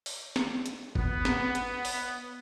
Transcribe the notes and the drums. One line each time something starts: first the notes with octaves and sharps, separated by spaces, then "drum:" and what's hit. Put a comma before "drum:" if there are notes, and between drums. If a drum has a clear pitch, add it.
drum: open hi-hat
drum: snare
drum: hi-hat
B3, drum: kick G1
drum: snare
drum: hi-hat
drum: open hi-hat